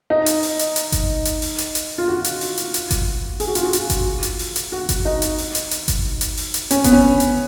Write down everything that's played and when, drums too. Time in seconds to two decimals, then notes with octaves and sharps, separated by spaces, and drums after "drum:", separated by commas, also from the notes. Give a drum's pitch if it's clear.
0.10 D#4
0.26 drum: hi-hat
0.43 drum: open hi-hat
0.59 drum: hi-hat
0.76 drum: hi-hat
0.92 drum: kick G1, hi-hat
1.25 drum: hi-hat
1.42 drum: open hi-hat
1.58 drum: hi-hat
1.75 drum: hi-hat
1.98 F4
2.08 F#4
2.24 drum: hi-hat
2.41 drum: open hi-hat
2.57 drum: hi-hat
2.74 drum: hi-hat
2.91 drum: kick G1, hi-hat
3.40 G#4, drum: open hi-hat
3.47 F#4
3.55 F4, drum: hi-hat
3.63 F#4
3.73 drum: hi-hat
3.90 drum: kick G1, hi-hat
4.23 drum: hi-hat
4.39 drum: open hi-hat
4.56 drum: hi-hat
4.72 F#4
4.89 drum: kick G1, hi-hat
5.05 D#4
5.22 drum: hi-hat
5.38 drum: open hi-hat
5.55 drum: hi-hat
5.71 drum: hi-hat
5.88 drum: kick G1, hi-hat
6.21 drum: hi-hat
6.37 drum: open hi-hat
6.54 drum: hi-hat
6.71 C#4, drum: hi-hat
6.84 B3, drum: kick G1, hi-hat
6.92 C#4
7.20 drum: hi-hat